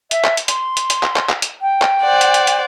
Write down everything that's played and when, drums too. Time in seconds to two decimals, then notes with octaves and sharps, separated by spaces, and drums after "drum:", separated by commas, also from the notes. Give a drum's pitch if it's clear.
0.11 E5, drum: hi-hat
0.24 drum: clap
0.37 drum: hi-hat
0.48 C6, drum: hi-hat
0.77 drum: hi-hat
0.90 drum: hi-hat
1.03 drum: clap
1.16 drum: clap
1.29 drum: clap
1.42 drum: hi-hat
1.62 G5
1.82 drum: clap
2.02 C5 D5 F#5
2.21 drum: hi-hat
2.34 drum: hi-hat
2.47 drum: hi-hat